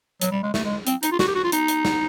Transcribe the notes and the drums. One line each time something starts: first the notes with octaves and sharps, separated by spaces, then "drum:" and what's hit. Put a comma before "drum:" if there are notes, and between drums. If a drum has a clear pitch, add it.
F#3, drum: hi-hat
G3
G#3
A3, drum: snare
G#3
C4, drum: hi-hat
D#4, drum: hi-hat
F4
F#4, drum: snare
G4
F#4
F4
D#4, drum: hi-hat
drum: hi-hat
drum: snare